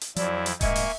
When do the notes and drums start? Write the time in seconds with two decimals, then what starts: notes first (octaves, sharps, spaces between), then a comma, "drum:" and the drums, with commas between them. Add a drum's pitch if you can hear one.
0.01 drum: hi-hat
0.16 F2 F3 F#3 E4 D5, drum: hi-hat
0.46 drum: hi-hat
0.61 D#1 G#2 A#3 D#5 E5 G#5 C#6, drum: kick D#1, hi-hat
0.76 drum: open hi-hat